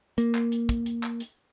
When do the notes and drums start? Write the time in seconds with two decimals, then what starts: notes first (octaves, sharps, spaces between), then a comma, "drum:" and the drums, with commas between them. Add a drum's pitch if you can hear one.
0.18 A#3, drum: hi-hat
0.35 drum: clap
0.52 drum: hi-hat
0.69 drum: kick, hi-hat
0.86 drum: hi-hat
1.03 drum: clap
1.20 drum: hi-hat